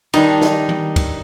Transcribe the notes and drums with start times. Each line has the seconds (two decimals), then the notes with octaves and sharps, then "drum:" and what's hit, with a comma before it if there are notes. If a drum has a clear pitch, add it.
0.13 D#3 G3 D4 D#4, drum: cymbal
0.41 drum: snare
0.69 drum: tom D#3
0.96 drum: kick, cymbal